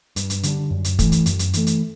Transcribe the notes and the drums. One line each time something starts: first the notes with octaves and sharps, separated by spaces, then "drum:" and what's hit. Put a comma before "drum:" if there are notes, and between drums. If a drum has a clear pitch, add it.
G2, drum: hi-hat
drum: hi-hat
D3 G3 D4, drum: hi-hat
F#2
drum: hi-hat
E3 A3, drum: kick, hi-hat
drum: hi-hat
F#2, drum: hi-hat
drum: hi-hat
E3 A3, drum: hi-hat
drum: hi-hat